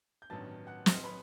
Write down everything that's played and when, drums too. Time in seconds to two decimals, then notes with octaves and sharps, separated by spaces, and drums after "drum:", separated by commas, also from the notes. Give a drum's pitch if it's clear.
0.22 G6
0.30 A1 G2 D#3 F#3 B3 A5 A6
0.67 F#5 F#6
0.86 D#5 D#6, drum: snare
0.97 C6
1.03 B4 B5